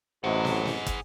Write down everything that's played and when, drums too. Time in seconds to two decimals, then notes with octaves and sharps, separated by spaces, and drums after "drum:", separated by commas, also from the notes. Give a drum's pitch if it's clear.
0.24 A1 A2 C3 F#3 G#4 C5 D#5 F#5
0.45 drum: snare
0.66 drum: snare
0.86 drum: kick, hi-hat